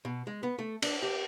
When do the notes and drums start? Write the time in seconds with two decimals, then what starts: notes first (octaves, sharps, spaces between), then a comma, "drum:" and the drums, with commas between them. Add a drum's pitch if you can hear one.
0.05 B2
0.27 G#3
0.43 B3
0.59 A3
0.82 D4, drum: cymbal
1.02 G4